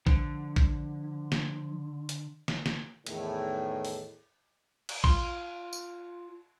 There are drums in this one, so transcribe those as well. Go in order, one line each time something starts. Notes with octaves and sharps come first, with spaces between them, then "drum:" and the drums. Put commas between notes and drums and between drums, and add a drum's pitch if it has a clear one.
D3 F3, drum: kick
drum: kick
drum: snare
drum: hi-hat
drum: snare
drum: snare
E2 A2 D#3, drum: cymbal
drum: open hi-hat
drum: cymbal
F4 C6, drum: kick
drum: tambourine